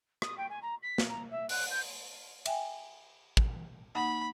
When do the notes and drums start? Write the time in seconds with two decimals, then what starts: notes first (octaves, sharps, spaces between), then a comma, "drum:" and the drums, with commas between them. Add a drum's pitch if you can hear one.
0.22 D#6, drum: rim click
0.37 G5
0.49 G#5
0.62 A#5
0.82 B6
0.98 drum: snare
1.09 A#5
1.30 E5
1.49 F#6, drum: open hi-hat
1.70 G6
2.46 E5 G5 G#5, drum: cymbal
3.37 drum: kick
3.95 A#3 D#4 F#5 B5